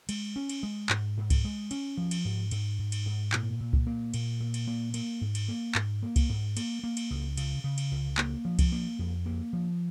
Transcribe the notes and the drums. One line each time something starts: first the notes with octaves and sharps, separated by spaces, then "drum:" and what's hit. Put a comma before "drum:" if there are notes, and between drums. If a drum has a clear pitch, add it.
G#3, drum: cymbal
C#4
drum: cymbal
G#3
G#2, drum: clap
G#2
drum: kick C2, cymbal
G#3
C#4, drum: cymbal
F3
drum: cymbal
G#2
G#2, drum: cymbal
G#2
drum: cymbal
G#2
A#2, drum: clap
A#2
drum: kick C2
A#3
A#2, drum: cymbal
A#2
drum: cymbal
A#3
A#3, drum: cymbal
G#2
drum: cymbal
A#3
G#2, drum: clap
A#3
drum: kick C2, cymbal
G#2
A#3, drum: cymbal
A#3
drum: cymbal
C#2
C#3, drum: cymbal
C#3
drum: cymbal
C#2
A#3, drum: clap
F3
drum: kick C2, cymbal
A#3
F2
A#3
F3